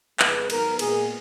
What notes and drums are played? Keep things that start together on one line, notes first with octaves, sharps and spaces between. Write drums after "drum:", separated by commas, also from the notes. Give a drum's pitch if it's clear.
F2 C#3 G#3 B3 B4, drum: clap
G#2 D#3 F#3 B3 A#4, drum: cymbal
A#2 G#3 B3 G#4, drum: cymbal